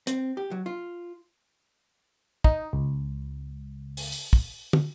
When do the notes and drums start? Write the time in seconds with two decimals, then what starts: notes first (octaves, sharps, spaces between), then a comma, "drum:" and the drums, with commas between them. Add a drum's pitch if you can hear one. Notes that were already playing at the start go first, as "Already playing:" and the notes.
0.07 C4, drum: hi-hat
0.37 G4
0.51 F#3
0.66 F4
2.44 D#4, drum: kick
2.73 C#2
3.97 drum: open hi-hat
4.12 drum: tambourine
4.33 drum: kick
4.73 drum: tom